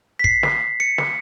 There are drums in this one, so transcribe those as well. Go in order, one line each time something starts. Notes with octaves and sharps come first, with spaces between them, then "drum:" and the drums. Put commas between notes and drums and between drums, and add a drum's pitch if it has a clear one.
B6
C7, drum: kick
drum: snare
C#7
drum: snare